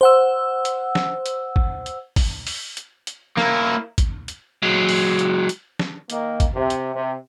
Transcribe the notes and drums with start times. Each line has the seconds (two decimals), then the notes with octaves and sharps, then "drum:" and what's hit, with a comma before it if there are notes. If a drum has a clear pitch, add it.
0.01 C5 F#5 E6
0.65 drum: hi-hat
0.95 drum: snare
1.26 drum: hi-hat
1.56 drum: kick
1.86 drum: hi-hat
2.16 drum: kick, open hi-hat
2.47 drum: open hi-hat
2.77 drum: hi-hat
3.07 drum: hi-hat
3.37 A#3 E4, drum: snare
3.98 drum: kick, hi-hat
4.28 drum: hi-hat
4.63 F#3 G#3
4.89 drum: open hi-hat
5.19 drum: hi-hat
5.49 drum: hi-hat
5.79 drum: snare
6.10 D#3 A#3, drum: hi-hat
6.40 drum: kick, hi-hat
6.55 C3
6.70 drum: hi-hat
6.95 C3